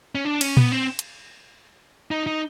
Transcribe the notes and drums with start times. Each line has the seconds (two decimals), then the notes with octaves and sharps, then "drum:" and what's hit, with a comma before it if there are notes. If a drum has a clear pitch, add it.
0.15 C#4
0.25 D4
0.41 C#4, drum: cymbal
0.57 B3, drum: tom A#2
0.72 C4
0.99 drum: hi-hat
2.11 D#4
2.27 D#4